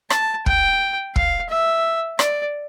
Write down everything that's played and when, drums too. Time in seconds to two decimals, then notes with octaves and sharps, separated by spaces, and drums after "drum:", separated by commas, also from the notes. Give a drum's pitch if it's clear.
0.10 A5, drum: rim click
0.46 G5, drum: kick
1.16 F5, drum: kick
1.49 E5
2.19 D5, drum: rim click